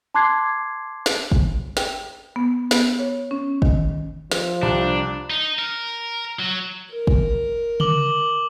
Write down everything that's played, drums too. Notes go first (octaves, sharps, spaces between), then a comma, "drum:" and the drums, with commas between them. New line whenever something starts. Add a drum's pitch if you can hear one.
A5 C6 D6 F#6 G#6 C7
drum: snare
drum: kick
G5, drum: snare
B3
B3, drum: snare
C#5
C#4
D#3, drum: kick
F3, drum: snare
C2 D4
D#4
A#4
F#3
A#4
drum: kick
D6 F#7 G7, drum: tom C#3